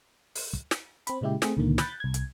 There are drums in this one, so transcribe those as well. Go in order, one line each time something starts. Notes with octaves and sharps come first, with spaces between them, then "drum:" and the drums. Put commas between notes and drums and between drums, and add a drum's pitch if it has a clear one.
drum: open hi-hat
drum: kick
drum: snare
C4 B5, drum: hi-hat
A#2 C#3 G#3 E4 G4
A3 C4 G#4, drum: snare
C#2 A#2 D3 D#3 A#3
B5 F#6 G6 A6, drum: snare
C2 G#6
drum: hi-hat